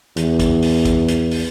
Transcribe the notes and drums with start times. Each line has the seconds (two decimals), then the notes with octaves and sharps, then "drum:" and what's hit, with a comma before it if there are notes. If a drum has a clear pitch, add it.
0.16 E2, drum: hi-hat
0.39 drum: kick, hi-hat
0.62 drum: open hi-hat
0.85 drum: kick, hi-hat
1.08 drum: hi-hat
1.31 drum: open hi-hat